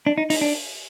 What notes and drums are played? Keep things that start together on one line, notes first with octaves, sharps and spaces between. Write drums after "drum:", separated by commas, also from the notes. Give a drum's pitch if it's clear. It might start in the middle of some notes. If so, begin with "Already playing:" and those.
D4
D#4
D#4, drum: open hi-hat
D4